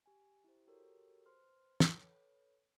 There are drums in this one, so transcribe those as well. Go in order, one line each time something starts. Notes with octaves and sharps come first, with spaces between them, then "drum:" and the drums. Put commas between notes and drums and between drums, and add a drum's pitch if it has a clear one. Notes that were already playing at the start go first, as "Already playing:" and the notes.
G4 G#5
E4 G4 C5
F#4 G4 A4 A#4 C#5
B4 C5 C6 F6
drum: snare
A4 B4 C#5